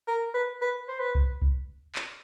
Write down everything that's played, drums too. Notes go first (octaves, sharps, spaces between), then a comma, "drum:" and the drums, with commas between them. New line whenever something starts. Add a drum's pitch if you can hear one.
A#4
B4
B4
C5
B4
drum: kick C2
drum: kick C2
drum: clap